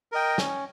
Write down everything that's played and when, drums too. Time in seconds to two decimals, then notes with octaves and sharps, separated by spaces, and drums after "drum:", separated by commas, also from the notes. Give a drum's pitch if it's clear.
0.12 A#4 D#5 G5
0.38 C#4, drum: snare